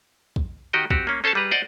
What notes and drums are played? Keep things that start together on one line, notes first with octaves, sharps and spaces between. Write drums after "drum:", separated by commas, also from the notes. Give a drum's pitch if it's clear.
drum: kick
D#3 F#4 G4 D#5 G5
C4 F#4 G4, drum: kick
A#3 C#4
C#4 A4 C5 C#5 A5
G3 G#4 B4 A#5
C5 D5 D#5 F#5